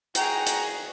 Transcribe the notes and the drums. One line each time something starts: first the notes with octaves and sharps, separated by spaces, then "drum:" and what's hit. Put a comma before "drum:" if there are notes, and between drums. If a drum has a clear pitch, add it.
F#4 G#4 G5 A#5, drum: hi-hat
drum: hi-hat